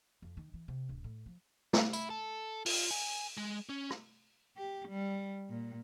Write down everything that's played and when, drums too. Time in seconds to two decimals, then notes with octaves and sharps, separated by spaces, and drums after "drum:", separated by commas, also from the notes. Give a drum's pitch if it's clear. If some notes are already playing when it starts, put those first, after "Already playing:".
0.22 F2
0.37 D#3
0.54 E3
0.68 C3
0.89 D1
1.04 A2
1.26 F3
1.73 drum: snare
1.93 E4, drum: tambourine
2.10 A4
2.66 F4, drum: open hi-hat
2.91 G#5
3.37 G#3
3.69 C#4
3.90 drum: rim click
4.57 G4
4.89 G3
5.50 A#2